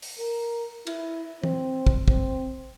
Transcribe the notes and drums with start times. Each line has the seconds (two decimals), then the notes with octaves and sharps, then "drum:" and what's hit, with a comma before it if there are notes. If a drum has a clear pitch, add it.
0.02 drum: open hi-hat
0.19 A#4
0.87 E4, drum: cymbal
1.43 C4, drum: tom
1.87 drum: kick
2.08 C4, drum: kick